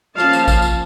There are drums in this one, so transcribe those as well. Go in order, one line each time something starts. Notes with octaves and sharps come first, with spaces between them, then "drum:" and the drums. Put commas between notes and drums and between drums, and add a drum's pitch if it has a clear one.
F3 A#3 C#4 F5 A5, drum: rim click
drum: tambourine
drum: kick A1, tambourine
drum: tambourine